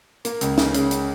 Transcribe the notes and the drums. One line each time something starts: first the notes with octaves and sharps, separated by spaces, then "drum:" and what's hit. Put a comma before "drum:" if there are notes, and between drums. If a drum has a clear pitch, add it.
A#3, drum: hi-hat
C#2, drum: hi-hat
C#3, drum: snare
C#3, drum: hi-hat
drum: hi-hat